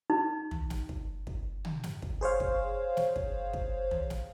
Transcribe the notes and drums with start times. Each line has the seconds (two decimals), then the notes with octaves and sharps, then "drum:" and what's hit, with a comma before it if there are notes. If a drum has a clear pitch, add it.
0.10 D#4
0.51 drum: tom
0.70 drum: snare
0.89 drum: kick
1.27 drum: kick
1.65 drum: tom
1.83 drum: snare
2.02 drum: kick
2.21 G#4 C5 C#5 F5
2.40 drum: kick
2.97 drum: snare
3.16 drum: kick
3.53 drum: kick
3.91 drum: tom
4.10 drum: snare